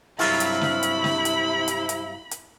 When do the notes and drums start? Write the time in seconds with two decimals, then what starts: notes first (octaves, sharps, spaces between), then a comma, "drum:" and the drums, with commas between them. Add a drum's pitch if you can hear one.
0.19 G2 C3 F#3 E4 F4 B5, drum: open hi-hat
0.40 drum: hi-hat
0.61 drum: snare
0.83 drum: hi-hat
1.04 drum: snare
1.25 drum: hi-hat
1.68 drum: hi-hat
1.89 drum: hi-hat
2.31 drum: hi-hat